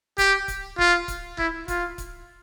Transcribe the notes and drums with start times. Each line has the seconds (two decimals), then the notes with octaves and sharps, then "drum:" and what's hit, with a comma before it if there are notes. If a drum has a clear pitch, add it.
0.18 G4, drum: kick C#1, hi-hat
0.48 drum: kick C#1, hi-hat
0.78 F4, drum: kick C#1
1.08 drum: kick C#1, hi-hat
1.38 E4, drum: kick C#1
1.68 F4, drum: kick C#1, hi-hat
1.98 drum: kick C#1, hi-hat